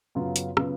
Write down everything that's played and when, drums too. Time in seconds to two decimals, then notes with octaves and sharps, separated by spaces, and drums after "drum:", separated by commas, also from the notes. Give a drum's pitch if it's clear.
0.15 F#2 C#3 F#3 B3 F4
0.36 drum: hi-hat
0.57 C#3 F#3 B3 F4, drum: rim click